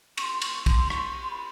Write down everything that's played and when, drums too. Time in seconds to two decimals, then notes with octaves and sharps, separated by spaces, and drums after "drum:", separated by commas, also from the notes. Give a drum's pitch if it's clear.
0.17 C#6, drum: cymbal
0.22 C6
0.42 C#6, drum: cymbal
0.66 C6, drum: kick, cymbal
0.90 C#6, drum: rim click
1.23 C6
1.31 B5